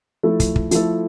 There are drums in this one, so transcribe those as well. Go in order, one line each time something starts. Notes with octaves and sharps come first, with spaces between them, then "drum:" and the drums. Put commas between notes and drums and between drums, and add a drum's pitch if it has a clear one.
F3 A3 E4 A4
drum: kick, hi-hat
drum: kick
F3 A3 E4 A4, drum: hi-hat